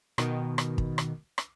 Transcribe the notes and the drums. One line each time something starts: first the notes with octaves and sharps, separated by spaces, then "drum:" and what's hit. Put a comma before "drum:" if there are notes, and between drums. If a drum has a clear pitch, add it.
B2 D#3, drum: rim click
drum: rim click
drum: kick
drum: rim click
drum: rim click